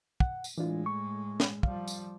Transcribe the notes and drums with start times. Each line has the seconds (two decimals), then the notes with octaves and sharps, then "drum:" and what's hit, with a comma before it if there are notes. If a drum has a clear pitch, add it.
0.20 F#5, drum: kick
0.44 drum: tambourine
0.58 A2 E3 G#3 D4 F4
0.86 C#6
1.40 drum: snare
1.63 F3 G3 F5, drum: kick
1.88 drum: tambourine